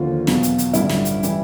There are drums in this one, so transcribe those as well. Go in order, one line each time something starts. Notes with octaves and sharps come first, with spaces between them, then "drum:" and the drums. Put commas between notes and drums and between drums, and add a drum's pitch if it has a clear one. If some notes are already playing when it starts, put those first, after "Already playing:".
Already playing: D#2 D3 F3 F4
E2 B2 F#3, drum: snare
drum: hi-hat
drum: hi-hat
A1 G2 D3 G3 E4, drum: hi-hat
drum: snare
drum: hi-hat
E3 G3, drum: hi-hat